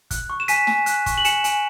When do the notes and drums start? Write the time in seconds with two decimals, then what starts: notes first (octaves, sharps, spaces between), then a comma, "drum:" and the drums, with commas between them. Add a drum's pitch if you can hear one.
0.11 F#6, drum: kick, hi-hat
0.30 C#6
0.40 E7
0.48 G#5 B6 D#7, drum: hi-hat
0.67 G#5, drum: snare
0.86 F#6, drum: hi-hat
1.06 C#6, drum: kick, hi-hat
1.18 F#7
1.25 G#5 C#7 E7, drum: hi-hat
1.44 G#5, drum: hi-hat